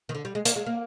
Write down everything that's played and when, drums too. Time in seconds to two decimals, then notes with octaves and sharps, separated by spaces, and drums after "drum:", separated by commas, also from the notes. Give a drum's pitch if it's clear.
0.09 D#3
0.15 D3
0.25 G3
0.35 G#3
0.45 A#3, drum: hi-hat
0.56 G#3
0.66 A#3